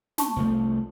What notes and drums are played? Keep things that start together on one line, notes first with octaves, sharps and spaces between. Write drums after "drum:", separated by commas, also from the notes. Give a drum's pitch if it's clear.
A5 C#6, drum: snare
C2 F3 A3